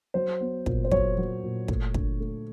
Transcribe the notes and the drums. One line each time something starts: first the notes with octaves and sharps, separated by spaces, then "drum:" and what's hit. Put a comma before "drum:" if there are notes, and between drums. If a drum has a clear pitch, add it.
F#3 C5
B3
A#2, drum: kick
C5
F#3 C#5, drum: kick
F#3
A#2
A3, drum: kick
D3, drum: kick
A3